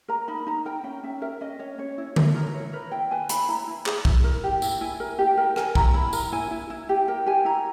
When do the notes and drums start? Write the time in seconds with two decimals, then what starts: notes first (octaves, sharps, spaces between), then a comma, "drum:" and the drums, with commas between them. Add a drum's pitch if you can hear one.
0.08 A#4 A#5
0.28 D#4 B5
0.47 D#4 A#5
0.65 A#4 G5
0.84 C#4 G5
1.03 C#4 E5
1.22 A#4 E5
1.41 C#4 D#5
1.59 C#4 C#5
1.78 C#4 C#5
1.98 E4
2.16 E4, drum: tom D3
2.35 A#4
2.54 E4 C#5
2.73 A#4 B4
2.92 E4 G5
3.11 B4 G#5
3.29 E4 B5, drum: hi-hat
3.49 E4 A#5
3.68 E4
3.86 G#4, drum: clap
4.05 E4, drum: kick
4.24 A#4
4.44 G4
4.62 E4, drum: tambourine
4.81 E4 G#5
5.00 A#4
5.19 G4
5.37 A#4 G5
5.56 A#4 G#5, drum: rim click
5.75 E4 A#5, drum: kick
5.94 E4 B5
6.13 A#4 A#5, drum: tambourine
6.32 E4 G#5
6.51 E4
6.70 E4
6.89 G4
7.08 A#4 G5
7.26 G4 G#5
7.45 E4 A#5